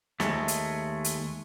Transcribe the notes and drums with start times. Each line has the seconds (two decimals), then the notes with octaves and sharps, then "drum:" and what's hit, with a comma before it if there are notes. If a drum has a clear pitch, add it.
0.20 D#2 G#3 A3, drum: snare
0.48 drum: hi-hat
1.04 drum: hi-hat